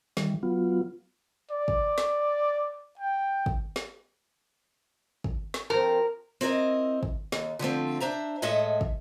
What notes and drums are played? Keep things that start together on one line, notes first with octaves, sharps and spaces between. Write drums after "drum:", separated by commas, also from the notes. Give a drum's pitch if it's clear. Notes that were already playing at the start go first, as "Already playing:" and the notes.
D#3 E3 G3, drum: snare
F#3 B3 F4
D5
drum: kick
drum: snare
G5
drum: kick
drum: snare
drum: kick
drum: snare
F3 C4 A#4
C4 E4 A#4 D#5
drum: kick
D#2, drum: snare
D3 F3 A3 C4
D4 C5 E5 A#5
A2 G#3 A4 D#5 E5 F#5
drum: kick